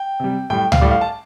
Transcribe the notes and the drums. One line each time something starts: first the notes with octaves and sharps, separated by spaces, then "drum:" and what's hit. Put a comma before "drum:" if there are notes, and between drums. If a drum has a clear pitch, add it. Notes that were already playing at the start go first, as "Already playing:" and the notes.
Already playing: G5
C3 G3
A2 G3 G5
F5, drum: tom C#2
A2 G3 D5
F5
A5